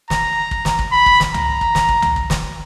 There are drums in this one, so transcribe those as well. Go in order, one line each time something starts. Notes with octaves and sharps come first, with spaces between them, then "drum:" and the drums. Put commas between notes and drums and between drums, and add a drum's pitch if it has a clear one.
A#5, drum: snare
drum: kick
drum: snare
drum: kick
B5
drum: kick
drum: snare
A#5, drum: tom
drum: kick
drum: snare
drum: kick
drum: tom
drum: kick
drum: snare